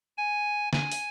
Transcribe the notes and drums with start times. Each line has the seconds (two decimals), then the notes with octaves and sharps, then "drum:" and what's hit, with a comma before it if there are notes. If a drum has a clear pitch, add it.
0.17 G#5
0.73 G#5, drum: snare
0.92 drum: open hi-hat